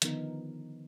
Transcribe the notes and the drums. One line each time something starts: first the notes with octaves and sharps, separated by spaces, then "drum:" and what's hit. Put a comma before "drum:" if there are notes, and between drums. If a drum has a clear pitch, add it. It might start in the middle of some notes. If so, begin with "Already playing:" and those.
D3 D#3 F3 B3 D#4 A#4, drum: hi-hat